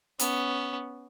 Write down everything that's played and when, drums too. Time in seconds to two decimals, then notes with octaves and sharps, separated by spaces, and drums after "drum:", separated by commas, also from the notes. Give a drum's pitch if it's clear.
0.19 B3 C#4, drum: hi-hat